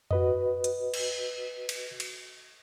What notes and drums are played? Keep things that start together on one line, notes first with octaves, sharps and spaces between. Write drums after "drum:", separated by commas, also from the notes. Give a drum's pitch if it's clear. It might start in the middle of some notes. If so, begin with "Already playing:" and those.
F#4 B4 D#5, drum: tom F2
drum: hi-hat
drum: cymbal
drum: cymbal
drum: cymbal